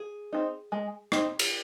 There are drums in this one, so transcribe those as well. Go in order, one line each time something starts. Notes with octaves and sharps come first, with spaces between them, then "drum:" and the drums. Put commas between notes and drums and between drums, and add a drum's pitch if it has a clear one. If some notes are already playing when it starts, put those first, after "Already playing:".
Already playing: G#4
C4 D#4
G#3
C4 D#4, drum: rim click
drum: cymbal